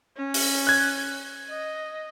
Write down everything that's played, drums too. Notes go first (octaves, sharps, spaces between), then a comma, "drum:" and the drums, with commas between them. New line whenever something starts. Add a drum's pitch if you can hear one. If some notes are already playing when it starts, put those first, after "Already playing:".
C#4
drum: open hi-hat
F#6 G#6
D#5